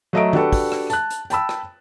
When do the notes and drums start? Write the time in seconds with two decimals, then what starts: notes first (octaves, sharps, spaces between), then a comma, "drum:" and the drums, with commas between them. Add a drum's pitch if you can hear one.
0.13 F#3 A3 D#5 E5 A#5 D7
0.33 D4 F#4 G4 A4 B4, drum: tom D#3
0.53 drum: kick, open hi-hat
0.72 drum: rim click
0.90 A5 F#6, drum: hi-hat
1.10 drum: hi-hat
1.30 G5 A5 B5 E6, drum: hi-hat
1.49 drum: rim click